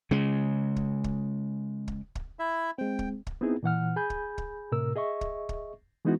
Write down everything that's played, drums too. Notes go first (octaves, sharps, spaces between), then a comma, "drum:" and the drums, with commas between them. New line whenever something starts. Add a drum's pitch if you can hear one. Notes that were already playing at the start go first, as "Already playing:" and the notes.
C#3 G#3
drum: kick
drum: kick
drum: kick
drum: kick
E4 E5
G#3 C4 G5
drum: kick
drum: kick
B3 C4 D#4 E4 G#4
A#2 E3 F#5 F6
G#4 G#5 B5 G6
drum: kick
drum: kick
A2 C3 A#4 E6
G#4 D#5 E5 C#6
drum: kick
drum: kick
E3 G#3 B3 D#4 E4 F#4